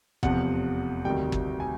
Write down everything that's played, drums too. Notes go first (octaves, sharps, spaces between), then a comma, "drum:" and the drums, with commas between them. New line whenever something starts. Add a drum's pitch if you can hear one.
F1 E2 C3 F3 F#5, drum: kick
D2 C3 D#3 G3 G5
drum: kick
G#5